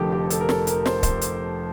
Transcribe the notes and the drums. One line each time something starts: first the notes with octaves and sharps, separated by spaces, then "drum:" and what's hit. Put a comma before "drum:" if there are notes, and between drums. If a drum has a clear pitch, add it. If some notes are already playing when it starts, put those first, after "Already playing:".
Already playing: F1 F2 D3 G4 A4 A#4
G4
A4, drum: hi-hat
A#4
A4, drum: snare
A#4, drum: hi-hat
C5, drum: snare
C5, drum: kick C#1, hi-hat
drum: hi-hat